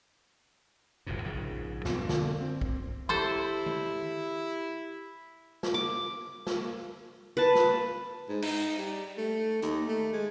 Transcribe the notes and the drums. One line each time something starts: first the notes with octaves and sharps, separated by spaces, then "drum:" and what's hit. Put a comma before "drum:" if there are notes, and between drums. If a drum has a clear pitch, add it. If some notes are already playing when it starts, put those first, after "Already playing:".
F#1 F2 A2 C3
A#1 G#2 C#3
B1 F2 B3 C4, drum: snare
D3, drum: snare
C4
drum: kick
E4 G4 A4 C5 C6
drum: tom D#3
drum: snare
D6
drum: snare
B4 A5
drum: snare
G#2
D#4, drum: cymbal
G3
A3
D#2, drum: hi-hat
A3
G#3